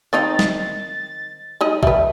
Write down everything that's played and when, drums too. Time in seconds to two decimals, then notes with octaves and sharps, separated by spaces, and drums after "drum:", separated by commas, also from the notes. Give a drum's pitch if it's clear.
0.13 D#3 C4 D#4 A6
0.39 drum: snare
1.61 G3 D#4 D#5
1.83 G3 B4 E5, drum: kick B1